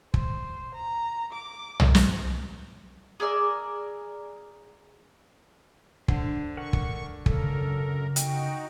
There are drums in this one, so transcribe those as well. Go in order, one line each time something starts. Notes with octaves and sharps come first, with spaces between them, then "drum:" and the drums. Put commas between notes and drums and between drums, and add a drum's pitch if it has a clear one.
C5, drum: kick
A#5
D6
drum: tom
drum: snare
G#4 A#4 D5 E6
D3 C5, drum: kick
A#4 F#5 C#6
drum: kick
F#2 C#3 A4 A#4, drum: kick
D#4 F#4 G5, drum: hi-hat